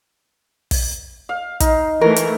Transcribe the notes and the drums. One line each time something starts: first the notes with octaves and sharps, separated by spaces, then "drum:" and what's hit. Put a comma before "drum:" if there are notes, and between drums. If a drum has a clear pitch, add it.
drum: kick, open hi-hat
F5
D#4, drum: kick, hi-hat
E3 A3 A#4 C#5
drum: hi-hat